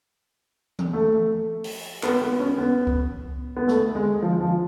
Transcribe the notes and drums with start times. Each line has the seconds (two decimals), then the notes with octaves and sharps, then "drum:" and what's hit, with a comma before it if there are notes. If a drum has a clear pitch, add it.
0.79 drum: tom E3
0.93 A3
1.64 drum: open hi-hat
2.03 B3, drum: clap
2.22 B3
2.40 C#4
2.58 B3
2.87 drum: kick C#2
3.56 B3
3.68 A3, drum: snare
3.95 G#3
4.22 F3
4.41 F3